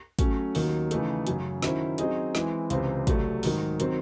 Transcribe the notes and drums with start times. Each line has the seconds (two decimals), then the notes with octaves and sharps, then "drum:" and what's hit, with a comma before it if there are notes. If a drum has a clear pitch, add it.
0.19 F#3 A3 C#4, drum: kick, hi-hat
0.55 D#2 D#3 F#3, drum: open hi-hat
0.91 C#3 E3 A3 D#4 A4, drum: hi-hat
1.27 F#2 C#3 F#3, drum: hi-hat
1.62 D#3 F#3 C#4 E4 C5, drum: snare
1.98 F#3 C4 D#4 G#4 D#5, drum: hi-hat
2.35 E3 G#3 C4 E4, drum: snare
2.70 C#2 C3 E3 C4, drum: hi-hat
3.07 C2 C3 F#3 A3, drum: kick, hi-hat
3.43 G#2 D#3 F#3, drum: open hi-hat
3.80 D#3 F#3 C4, drum: hi-hat